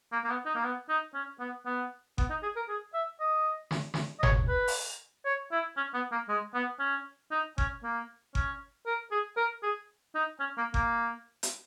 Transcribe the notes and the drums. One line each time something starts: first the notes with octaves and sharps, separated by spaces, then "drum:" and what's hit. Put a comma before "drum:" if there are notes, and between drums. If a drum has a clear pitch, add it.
A#3
A#3
B3
D#4
A#3
B3
D#4
C#4
B3
B3
B3, drum: kick G1
D#4
G#4
A#4
G#4
E5
D#5
drum: snare
drum: snare
D#5
C#5, drum: tom G1
B4
drum: open hi-hat
C#5
E4
C#4
B3
A#3
G#3
B3
C#4
D#4
C#4, drum: kick G1
A#3
C#4, drum: kick G1
A#4
G#4
A#4
G#4
D#4
C#4
A#3
A#3, drum: kick G1
drum: hi-hat